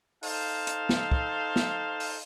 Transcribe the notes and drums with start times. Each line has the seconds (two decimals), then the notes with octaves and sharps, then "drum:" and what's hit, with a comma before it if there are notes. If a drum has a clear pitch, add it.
0.23 D#4 A4 C5 F5, drum: open hi-hat
0.67 drum: hi-hat
0.89 drum: snare
1.11 drum: kick
1.56 drum: snare
2.00 drum: open hi-hat